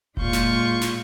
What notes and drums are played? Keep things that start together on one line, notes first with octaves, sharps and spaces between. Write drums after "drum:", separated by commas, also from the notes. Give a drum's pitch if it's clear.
A#2 G#3 F4 C#6 G6, drum: kick F1
drum: snare
drum: snare